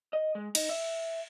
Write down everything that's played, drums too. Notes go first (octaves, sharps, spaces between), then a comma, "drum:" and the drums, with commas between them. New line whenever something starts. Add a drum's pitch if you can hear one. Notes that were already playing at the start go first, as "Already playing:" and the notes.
D#5
G#3
D#4, drum: cymbal
E5